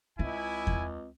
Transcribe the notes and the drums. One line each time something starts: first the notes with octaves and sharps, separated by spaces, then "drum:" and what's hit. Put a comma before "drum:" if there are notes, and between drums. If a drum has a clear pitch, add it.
C#2 C4 E4 G#5
drum: kick E2